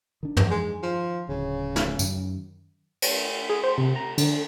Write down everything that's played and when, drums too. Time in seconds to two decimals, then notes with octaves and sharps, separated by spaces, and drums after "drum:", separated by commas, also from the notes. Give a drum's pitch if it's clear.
0.23 D#3 D4
0.37 drum: tom
0.51 G#3
0.83 F3
1.29 D1 C#3
1.76 drum: snare
1.99 F#2 D#3, drum: tambourine
3.02 drum: cymbal
3.49 G#4
3.63 C5
3.78 C3
3.96 A#5
4.18 D3, drum: cymbal